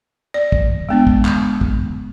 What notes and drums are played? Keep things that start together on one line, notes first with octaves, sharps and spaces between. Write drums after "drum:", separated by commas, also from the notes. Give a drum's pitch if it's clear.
D5
drum: kick
G#3 B3 D4
drum: kick
drum: clap
drum: kick